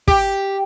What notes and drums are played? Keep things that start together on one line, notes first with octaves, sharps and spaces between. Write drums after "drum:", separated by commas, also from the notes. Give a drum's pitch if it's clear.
G4, drum: kick